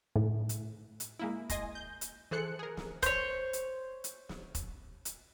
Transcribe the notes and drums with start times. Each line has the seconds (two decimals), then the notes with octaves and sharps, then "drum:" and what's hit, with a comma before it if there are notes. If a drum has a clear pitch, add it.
0.16 A2
0.49 drum: hi-hat
1.00 drum: hi-hat
1.19 G#3 A#3 E4
1.50 D#5 G#5 C6 A#6, drum: kick E1, hi-hat
1.75 G6
2.01 drum: hi-hat
2.31 E3 G#4 A4 C5 F#6 C#7
2.59 G#4 A#4
2.77 drum: snare
3.03 C5 C#5, drum: kick E1, hi-hat
3.53 drum: hi-hat
4.04 drum: hi-hat
4.29 drum: snare
4.55 drum: kick E1, hi-hat
5.05 drum: hi-hat